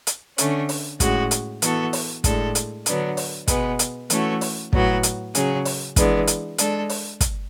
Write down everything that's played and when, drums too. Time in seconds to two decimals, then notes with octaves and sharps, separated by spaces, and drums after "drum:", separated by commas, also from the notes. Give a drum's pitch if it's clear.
0.07 drum: hi-hat
0.38 D3 A3 C#4, drum: hi-hat
0.69 drum: open hi-hat
1.00 A2 G#3 C#4 F#4, drum: kick, hi-hat
1.31 drum: hi-hat
1.62 E3 B3 F#4 A4, drum: hi-hat
1.93 drum: open hi-hat
2.24 A2 G#3 D4 A4, drum: kick, hi-hat
2.55 drum: hi-hat
2.86 D3 F#3 B3 D4, drum: hi-hat
3.17 drum: open hi-hat
3.48 B2 G#3 B3, drum: kick, hi-hat
3.79 drum: hi-hat
4.10 E3 A3 C#4 F#4 A4, drum: hi-hat
4.41 drum: open hi-hat
4.73 A2 F#3 B3 F#4, drum: kick
5.03 drum: hi-hat
5.35 C#3 F#3 C#4 G#4, drum: hi-hat
5.65 drum: open hi-hat
5.96 E3 G#3 B3 D4, drum: kick, hi-hat
6.27 drum: hi-hat
6.58 G#3 D4 A4, drum: hi-hat
6.89 drum: open hi-hat
7.20 drum: kick, hi-hat